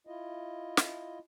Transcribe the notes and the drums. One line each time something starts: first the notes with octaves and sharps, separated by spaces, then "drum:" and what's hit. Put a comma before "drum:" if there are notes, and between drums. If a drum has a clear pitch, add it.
E4 F4 D#5
drum: snare